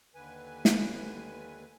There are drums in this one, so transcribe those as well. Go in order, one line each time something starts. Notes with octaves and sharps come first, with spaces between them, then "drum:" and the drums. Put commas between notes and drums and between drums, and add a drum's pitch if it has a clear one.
D#2 D3 B4 G#5
drum: snare